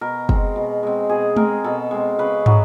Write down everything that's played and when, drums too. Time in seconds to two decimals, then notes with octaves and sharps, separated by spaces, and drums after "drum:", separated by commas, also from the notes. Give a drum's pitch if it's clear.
0.01 B2 A#4
0.29 G#3 C4, drum: kick
0.56 B2
0.83 G#3 C4
1.09 B2 G#4
1.36 G#3 C4 A#4, drum: tom G#3
1.64 B2 A4
1.91 G#3 C4
2.19 C#3 B4
2.46 F#3 B3, drum: tom